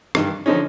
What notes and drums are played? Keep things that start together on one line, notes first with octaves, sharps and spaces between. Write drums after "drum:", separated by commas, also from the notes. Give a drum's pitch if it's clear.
G2 D#3, drum: rim click
D3 F3 C#4 D#4